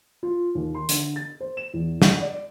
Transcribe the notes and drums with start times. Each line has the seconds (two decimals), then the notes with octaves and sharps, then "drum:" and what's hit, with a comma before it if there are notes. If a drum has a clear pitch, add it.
0.23 F4
0.55 D#2
0.75 C6
0.89 D3, drum: hi-hat
1.16 A6
1.40 C5
1.57 E7
1.74 E2
2.02 F#5, drum: snare
2.21 D5